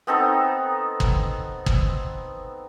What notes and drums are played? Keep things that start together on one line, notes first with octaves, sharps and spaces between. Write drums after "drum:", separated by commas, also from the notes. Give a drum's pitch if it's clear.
B3 C4 D#4 A4
drum: kick
drum: kick